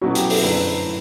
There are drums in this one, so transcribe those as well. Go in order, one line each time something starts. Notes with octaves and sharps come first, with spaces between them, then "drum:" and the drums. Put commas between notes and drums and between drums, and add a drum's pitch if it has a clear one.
B2 F#3 A3 C#4 E4 F#4
G4, drum: hi-hat
A4, drum: open hi-hat
F#2 D3 A3 E4 B4
A2